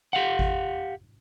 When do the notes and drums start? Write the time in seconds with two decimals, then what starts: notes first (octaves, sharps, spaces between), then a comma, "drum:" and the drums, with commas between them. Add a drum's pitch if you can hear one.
0.13 G4 F5 F#5
0.39 drum: kick G#1